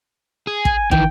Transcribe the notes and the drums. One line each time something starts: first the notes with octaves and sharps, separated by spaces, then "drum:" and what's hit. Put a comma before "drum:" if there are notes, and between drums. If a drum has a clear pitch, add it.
G#4
G#5, drum: kick
D#3 E3 G5, drum: kick